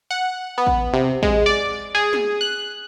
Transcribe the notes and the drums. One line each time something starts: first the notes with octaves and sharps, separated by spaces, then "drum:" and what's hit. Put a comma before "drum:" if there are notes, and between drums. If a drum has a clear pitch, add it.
F#5
B3
drum: kick A1
C3
G#3, drum: kick A1
D5
G#4
drum: snare
F#6